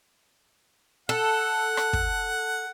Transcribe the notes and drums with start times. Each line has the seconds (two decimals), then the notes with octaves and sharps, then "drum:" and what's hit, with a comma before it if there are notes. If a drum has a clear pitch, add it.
1.09 A4 F#5
1.77 drum: rim click
1.93 drum: kick